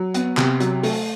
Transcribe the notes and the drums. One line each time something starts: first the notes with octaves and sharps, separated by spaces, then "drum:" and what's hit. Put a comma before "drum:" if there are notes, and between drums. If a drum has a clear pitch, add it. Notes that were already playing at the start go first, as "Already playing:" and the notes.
Already playing: F#3
B3, drum: hi-hat
C3, drum: clap
F#3, drum: hi-hat
A3, drum: open hi-hat